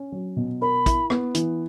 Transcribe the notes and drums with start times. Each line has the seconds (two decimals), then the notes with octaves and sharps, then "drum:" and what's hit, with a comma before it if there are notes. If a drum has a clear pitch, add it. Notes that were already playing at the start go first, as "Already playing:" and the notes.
Already playing: C#4
0.12 F#3
0.36 B2
0.62 A#4 B5
0.86 E4, drum: kick, hi-hat
1.10 B3, drum: rim click
1.35 E3, drum: hi-hat